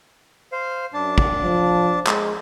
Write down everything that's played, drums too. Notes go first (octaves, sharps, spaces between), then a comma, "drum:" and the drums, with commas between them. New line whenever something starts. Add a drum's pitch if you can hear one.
C5 F5
F#2 D4 A5
drum: kick
F3
G#3, drum: clap